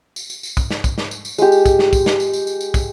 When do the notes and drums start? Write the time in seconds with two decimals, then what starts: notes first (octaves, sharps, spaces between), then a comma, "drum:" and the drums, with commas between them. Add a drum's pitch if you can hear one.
0.16 drum: tambourine
0.30 drum: tambourine
0.43 drum: tambourine
0.57 drum: kick, tambourine
0.71 drum: snare
0.84 drum: kick, tambourine
0.98 drum: snare
1.11 drum: tambourine
1.25 drum: tambourine
1.38 G#3 G4, drum: tambourine
1.52 drum: tambourine
1.66 drum: kick, tambourine
1.79 drum: snare
1.93 drum: kick, tambourine
2.06 drum: snare
2.20 drum: tambourine
2.33 drum: tambourine
2.47 drum: tambourine
2.61 drum: tambourine
2.74 drum: kick, tambourine